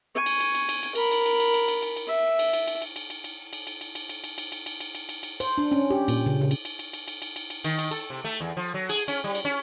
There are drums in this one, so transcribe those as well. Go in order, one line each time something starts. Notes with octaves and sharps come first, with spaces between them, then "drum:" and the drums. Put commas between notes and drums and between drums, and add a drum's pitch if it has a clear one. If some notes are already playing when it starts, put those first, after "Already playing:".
G#5 C#6
drum: cymbal
drum: cymbal
drum: cymbal
drum: cymbal
drum: cymbal
A#4 B5, drum: cymbal
drum: cymbal
drum: cymbal
drum: cymbal
drum: cymbal
drum: cymbal
drum: cymbal
drum: cymbal
E5
drum: cymbal
drum: cymbal
drum: cymbal
drum: cymbal
drum: cymbal
drum: cymbal
drum: cymbal
drum: cymbal
drum: cymbal
drum: cymbal
drum: cymbal
drum: cymbal
drum: cymbal
drum: cymbal
drum: cymbal
drum: cymbal
drum: cymbal
drum: cymbal
drum: cymbal
drum: cymbal
C5, drum: cymbal
D4
C#4
G4
A#2, drum: cymbal
C#3
C#3
drum: cymbal
drum: cymbal
drum: cymbal
drum: cymbal
drum: cymbal
drum: cymbal
drum: cymbal
drum: cymbal
D#3, drum: cymbal
drum: cymbal
A4, drum: cymbal
C3
A3
E2
F3
F#3
G#4, drum: cymbal
C#4, drum: cymbal
G3
drum: cymbal
C#4